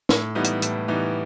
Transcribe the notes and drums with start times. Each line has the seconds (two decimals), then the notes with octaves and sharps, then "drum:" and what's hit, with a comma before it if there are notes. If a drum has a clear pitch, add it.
0.09 A2, drum: snare
0.35 E3 G3 B3 D#4
0.44 drum: hi-hat
0.62 A2, drum: hi-hat
0.88 E3 G3 B3 D#4